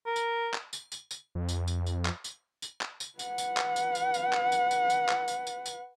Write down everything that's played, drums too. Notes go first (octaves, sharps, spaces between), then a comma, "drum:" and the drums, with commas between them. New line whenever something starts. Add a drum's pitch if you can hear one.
A#4
drum: tambourine
drum: clap
drum: tambourine
drum: tambourine
drum: tambourine
F2
drum: tambourine
drum: tambourine
drum: tambourine
drum: clap
drum: tambourine
drum: tambourine
drum: clap
drum: tambourine
B4 F#5, drum: tambourine
drum: tambourine
drum: clap
drum: tambourine
drum: tambourine
drum: tambourine
drum: clap
drum: tambourine
drum: tambourine
drum: tambourine
drum: clap
drum: tambourine
drum: tambourine
drum: tambourine